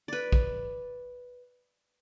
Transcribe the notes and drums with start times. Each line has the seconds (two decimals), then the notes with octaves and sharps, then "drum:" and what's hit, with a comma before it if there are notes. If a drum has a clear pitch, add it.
0.08 B4 D5
0.32 drum: kick